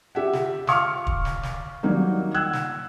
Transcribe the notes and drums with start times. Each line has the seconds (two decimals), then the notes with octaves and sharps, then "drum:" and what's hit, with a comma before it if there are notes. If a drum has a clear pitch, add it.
0.15 G4 E5 F#5
0.33 drum: snare
0.67 F5 C#6 D6 F6, drum: snare
1.07 drum: kick
1.25 drum: snare
1.43 drum: snare
1.83 D#3 F#3 G3 A#3 D#4
2.34 F#5 G5 E6 F#6 G#6
2.53 drum: snare